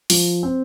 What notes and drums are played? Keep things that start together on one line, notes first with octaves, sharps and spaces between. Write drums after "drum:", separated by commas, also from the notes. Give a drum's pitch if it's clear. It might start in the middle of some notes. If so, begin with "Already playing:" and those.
F3, drum: open hi-hat
C4